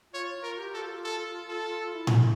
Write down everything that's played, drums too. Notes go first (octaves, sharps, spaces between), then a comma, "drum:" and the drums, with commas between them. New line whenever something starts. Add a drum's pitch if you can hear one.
F4 C#5
F4
A#4
G4
A4
F4
A4
A4
E4
drum: tom A2